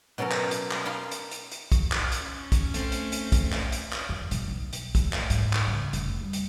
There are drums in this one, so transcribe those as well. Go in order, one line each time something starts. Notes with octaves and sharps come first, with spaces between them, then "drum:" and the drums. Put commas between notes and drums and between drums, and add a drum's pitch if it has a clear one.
B2 F#3 C#4 A4 A#4
drum: clap
drum: hi-hat
drum: clap
A#4 F5 G#5 A5 B5 C6
drum: hi-hat
drum: hi-hat
drum: hi-hat
drum: kick, hi-hat
drum: clap
drum: hi-hat
C#4
drum: kick, hi-hat
A3 C4, drum: hi-hat
drum: hi-hat
drum: hi-hat
drum: kick, hi-hat
drum: clap
drum: hi-hat
drum: clap
F2
B2, drum: hi-hat
B1
drum: hi-hat
A2, drum: kick, hi-hat
drum: clap
G#2, drum: hi-hat
drum: clap
C#2
F1, drum: hi-hat
G3
drum: hi-hat